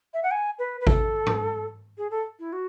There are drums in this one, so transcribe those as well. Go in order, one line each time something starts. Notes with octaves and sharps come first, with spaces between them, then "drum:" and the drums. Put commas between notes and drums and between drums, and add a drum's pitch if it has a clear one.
E5
F#5
G#5
B4
B4
A4, drum: kick G#1
drum: tom G#2
G#4
A4
E4
F#4